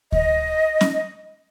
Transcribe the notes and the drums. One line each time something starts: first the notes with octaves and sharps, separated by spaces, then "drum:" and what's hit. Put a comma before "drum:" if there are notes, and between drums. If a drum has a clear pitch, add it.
D#5, drum: kick D2
drum: snare